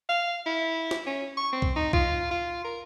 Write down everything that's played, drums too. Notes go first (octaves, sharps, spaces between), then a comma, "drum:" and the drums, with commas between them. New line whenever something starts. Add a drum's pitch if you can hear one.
F5
E4
drum: snare
C#4
C#6
C4
drum: kick B1
D#4
F4, drum: kick B1
F4
A#4